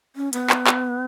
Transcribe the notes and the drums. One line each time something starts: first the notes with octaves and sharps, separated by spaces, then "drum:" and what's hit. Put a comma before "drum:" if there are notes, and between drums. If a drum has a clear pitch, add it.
C#4
B3, drum: hi-hat
drum: clap
drum: clap